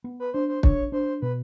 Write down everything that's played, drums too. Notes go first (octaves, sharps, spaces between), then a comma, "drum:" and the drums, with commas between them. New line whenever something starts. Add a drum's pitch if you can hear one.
B3
B4
D4 C5
C5
D4 C#5, drum: kick
D4 C5
B2 B4